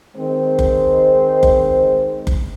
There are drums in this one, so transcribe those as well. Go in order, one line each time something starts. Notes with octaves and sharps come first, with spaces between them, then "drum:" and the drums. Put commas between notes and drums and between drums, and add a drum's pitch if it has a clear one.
D#3 G#3 C4 C5
drum: kick F#1
drum: kick F#1
drum: kick F#1